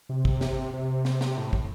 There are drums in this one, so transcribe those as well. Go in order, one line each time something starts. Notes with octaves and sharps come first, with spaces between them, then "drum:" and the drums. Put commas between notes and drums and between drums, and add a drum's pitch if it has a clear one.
C3
drum: kick
drum: snare
C3
drum: snare
drum: snare
A2
drum: kick